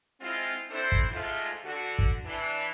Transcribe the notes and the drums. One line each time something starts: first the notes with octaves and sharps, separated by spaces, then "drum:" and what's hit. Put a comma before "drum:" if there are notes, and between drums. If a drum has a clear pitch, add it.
G#3 C4 E4 F4
C4 D4 E4 A4 C5
drum: kick
G#2 A3 F4
D3 F#4
drum: kick
E3 D4